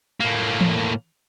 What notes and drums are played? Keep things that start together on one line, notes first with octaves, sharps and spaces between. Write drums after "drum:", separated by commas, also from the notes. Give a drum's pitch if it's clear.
A2 A#3
drum: tom E3